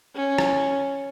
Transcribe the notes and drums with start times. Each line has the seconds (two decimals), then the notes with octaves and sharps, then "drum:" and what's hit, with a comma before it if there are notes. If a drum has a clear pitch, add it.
0.16 C#4
0.38 drum: rim click